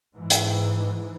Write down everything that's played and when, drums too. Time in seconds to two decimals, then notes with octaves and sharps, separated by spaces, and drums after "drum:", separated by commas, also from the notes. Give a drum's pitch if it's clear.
0.15 G#2 E3
0.30 drum: hi-hat